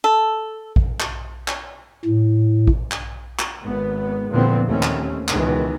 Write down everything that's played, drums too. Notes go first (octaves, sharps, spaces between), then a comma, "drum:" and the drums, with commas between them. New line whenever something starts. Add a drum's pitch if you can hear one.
A4
drum: kick A1
drum: clap
drum: clap
A2
drum: kick A1
drum: clap
drum: clap
G#1 B3
E2 A#2 D3 F3 B3 C4
D#2 A3 C4 C#4
drum: clap
C#2 B2 D#3 E3, drum: clap